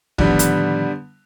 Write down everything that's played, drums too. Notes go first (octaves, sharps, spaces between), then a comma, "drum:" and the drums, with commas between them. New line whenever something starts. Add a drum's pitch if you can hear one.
A2 D3 D#3 F3 G3 B3, drum: kick
drum: hi-hat